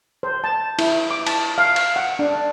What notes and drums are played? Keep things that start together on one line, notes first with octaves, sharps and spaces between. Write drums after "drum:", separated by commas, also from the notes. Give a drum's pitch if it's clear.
C5
A5
E4, drum: cymbal
D6
A5, drum: cymbal
F5
drum: cymbal
F#5
D4